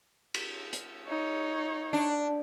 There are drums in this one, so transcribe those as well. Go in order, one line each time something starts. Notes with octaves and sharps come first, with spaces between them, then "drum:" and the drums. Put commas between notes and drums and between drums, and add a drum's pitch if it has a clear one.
drum: cymbal
drum: hi-hat
D#4 C#5
D4